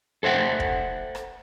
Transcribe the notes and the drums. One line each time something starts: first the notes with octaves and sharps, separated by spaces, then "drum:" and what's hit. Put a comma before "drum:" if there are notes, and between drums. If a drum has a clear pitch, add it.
A4 C5 E5 F#5 G5
drum: kick
drum: rim click